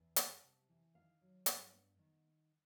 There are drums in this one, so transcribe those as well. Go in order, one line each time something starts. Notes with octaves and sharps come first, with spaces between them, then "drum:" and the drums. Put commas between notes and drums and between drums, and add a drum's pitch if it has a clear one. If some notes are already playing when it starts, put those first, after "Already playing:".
Already playing: E2
G3 A5, drum: hi-hat
C3
E3
D#3 F5
F#3
G2, drum: hi-hat
B3 F#5
D#3